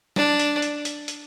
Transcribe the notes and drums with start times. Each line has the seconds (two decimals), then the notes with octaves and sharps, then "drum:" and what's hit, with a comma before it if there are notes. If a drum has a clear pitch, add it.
0.16 D4, drum: snare
0.39 drum: hi-hat
0.62 drum: hi-hat
0.85 drum: hi-hat
1.08 drum: hi-hat